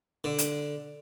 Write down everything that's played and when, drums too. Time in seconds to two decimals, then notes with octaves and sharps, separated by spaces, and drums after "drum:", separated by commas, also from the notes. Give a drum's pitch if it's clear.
0.24 D3
0.38 drum: hi-hat